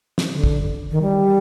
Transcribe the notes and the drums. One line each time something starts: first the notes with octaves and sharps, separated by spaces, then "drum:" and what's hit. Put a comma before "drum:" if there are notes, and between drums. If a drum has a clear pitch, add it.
drum: snare
D3
drum: kick
D#3
G3